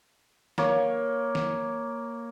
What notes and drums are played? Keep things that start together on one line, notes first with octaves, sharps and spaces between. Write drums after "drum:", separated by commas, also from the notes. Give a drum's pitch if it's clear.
A#3 C#5, drum: snare
drum: snare